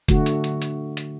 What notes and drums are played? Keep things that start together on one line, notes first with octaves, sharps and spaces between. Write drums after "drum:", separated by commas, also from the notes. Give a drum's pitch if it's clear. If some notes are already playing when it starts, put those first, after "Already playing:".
D3 A3 F#4, drum: kick, hi-hat
drum: hi-hat
drum: hi-hat
drum: hi-hat
drum: hi-hat